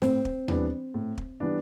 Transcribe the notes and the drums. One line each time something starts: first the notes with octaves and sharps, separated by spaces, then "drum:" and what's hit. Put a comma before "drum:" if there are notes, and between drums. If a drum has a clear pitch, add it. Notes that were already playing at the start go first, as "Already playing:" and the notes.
A2 C4, drum: snare
drum: kick
E3 G3 B3 D4, drum: tom D#2
A2
drum: kick
E3 G3 B3 D4